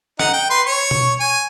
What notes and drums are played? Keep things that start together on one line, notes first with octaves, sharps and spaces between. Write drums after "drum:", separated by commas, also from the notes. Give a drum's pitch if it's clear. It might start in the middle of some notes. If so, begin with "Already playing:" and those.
D#4 F#5, drum: rim click
G5
B4 C6
C#5 C#6
drum: tom B2
G#5